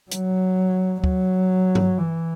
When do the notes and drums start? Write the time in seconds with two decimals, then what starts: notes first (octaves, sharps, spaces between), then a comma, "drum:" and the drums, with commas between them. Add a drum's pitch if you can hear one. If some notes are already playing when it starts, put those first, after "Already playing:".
0.11 F#3, drum: hi-hat
1.04 F#3, drum: kick D2
1.75 drum: tom G2
1.98 E3